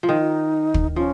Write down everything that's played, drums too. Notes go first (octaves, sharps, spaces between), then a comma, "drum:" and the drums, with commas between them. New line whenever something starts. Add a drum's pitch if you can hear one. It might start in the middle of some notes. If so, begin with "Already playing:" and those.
F3
D#3 D#4
drum: kick
F3 C#4